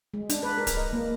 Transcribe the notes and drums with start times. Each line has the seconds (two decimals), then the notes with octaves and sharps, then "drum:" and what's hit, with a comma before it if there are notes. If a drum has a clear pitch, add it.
0.14 G#3
0.29 D4, drum: hi-hat
0.43 B4
0.58 A#4
0.67 drum: kick D1, hi-hat
0.77 D#5
0.93 A#3